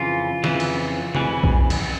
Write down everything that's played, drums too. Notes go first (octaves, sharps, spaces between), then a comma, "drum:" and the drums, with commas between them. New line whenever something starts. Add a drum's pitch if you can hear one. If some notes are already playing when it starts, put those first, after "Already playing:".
Already playing: F2 C#3 E3 F4
F2 C#3 E3, drum: snare
drum: cymbal
F2 C#3 E3, drum: tom C3
drum: kick B1
drum: cymbal